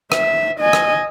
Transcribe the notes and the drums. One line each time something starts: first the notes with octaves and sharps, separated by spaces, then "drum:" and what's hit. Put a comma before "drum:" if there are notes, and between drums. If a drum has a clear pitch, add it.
E5, drum: rim click
D#5 G#5
drum: rim click